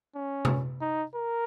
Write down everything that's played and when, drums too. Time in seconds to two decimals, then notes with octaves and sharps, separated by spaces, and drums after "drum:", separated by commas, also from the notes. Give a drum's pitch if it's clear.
0.15 C#4
0.45 drum: tom C3
0.81 D#4
1.15 A#4